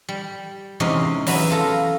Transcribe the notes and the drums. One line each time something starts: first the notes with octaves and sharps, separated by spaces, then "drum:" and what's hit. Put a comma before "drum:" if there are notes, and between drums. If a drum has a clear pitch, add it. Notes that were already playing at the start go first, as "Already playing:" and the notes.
G3
E2 C3 G#3 C#4 D#4
E2 F#3 B3 B4 E5, drum: open hi-hat
F4 A4 A#5